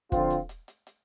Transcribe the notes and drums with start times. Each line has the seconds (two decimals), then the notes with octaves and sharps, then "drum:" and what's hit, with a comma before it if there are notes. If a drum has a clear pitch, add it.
0.12 D3 F3 C4 F4, drum: kick, hi-hat
0.30 drum: hi-hat
0.49 drum: hi-hat
0.68 drum: hi-hat
0.87 drum: hi-hat